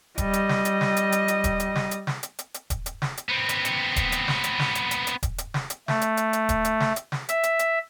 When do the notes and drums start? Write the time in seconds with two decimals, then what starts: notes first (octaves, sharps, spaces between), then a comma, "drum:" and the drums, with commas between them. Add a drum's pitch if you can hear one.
0.18 G3 D#5, drum: kick D#1, hi-hat
0.33 drum: hi-hat
0.49 drum: snare
0.65 drum: hi-hat
0.81 drum: snare
0.97 drum: hi-hat
1.12 drum: hi-hat
1.28 drum: hi-hat
1.44 drum: kick D#1, hi-hat
1.60 drum: hi-hat
1.75 drum: snare
1.91 drum: hi-hat
2.07 drum: snare
2.23 drum: hi-hat
2.39 drum: hi-hat
2.54 drum: hi-hat
2.70 drum: kick D#1, hi-hat
2.86 drum: hi-hat
3.02 drum: snare
3.17 drum: hi-hat
3.29 B3 C4
3.49 drum: hi-hat
3.65 drum: hi-hat
3.96 drum: kick D#1, hi-hat
4.12 drum: hi-hat
4.28 drum: snare
4.44 drum: hi-hat
4.59 drum: snare
4.75 drum: hi-hat
4.91 drum: hi-hat
5.07 drum: hi-hat
5.23 drum: kick D#1, hi-hat
5.38 drum: hi-hat
5.54 drum: snare
5.70 drum: hi-hat
5.88 A3, drum: snare
6.01 drum: hi-hat
6.17 drum: hi-hat
6.33 drum: hi-hat
6.49 drum: kick D#1, hi-hat
6.65 drum: hi-hat
6.80 drum: snare
6.96 drum: hi-hat
7.12 drum: snare
7.29 E5, drum: hi-hat
7.43 drum: hi-hat
7.59 drum: hi-hat